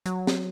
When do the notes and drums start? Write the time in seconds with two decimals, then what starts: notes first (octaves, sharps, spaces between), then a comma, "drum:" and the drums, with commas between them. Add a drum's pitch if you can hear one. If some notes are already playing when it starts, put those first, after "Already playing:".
0.06 F#3, drum: hi-hat
0.27 drum: snare